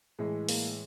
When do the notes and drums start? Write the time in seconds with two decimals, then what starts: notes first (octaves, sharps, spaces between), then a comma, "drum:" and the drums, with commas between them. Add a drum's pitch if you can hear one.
0.19 A2 E3 G#3
0.49 A#3, drum: open hi-hat